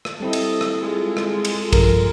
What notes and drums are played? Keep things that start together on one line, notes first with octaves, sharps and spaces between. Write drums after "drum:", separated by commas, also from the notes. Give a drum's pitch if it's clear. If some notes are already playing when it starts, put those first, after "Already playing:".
drum: rim click
G3 C4 E4 A4 D#5
drum: cymbal
drum: rim click
G#3 F4 A4
drum: rim click
drum: cymbal
C2 G2 F3 A#4, drum: kick A#1, cymbal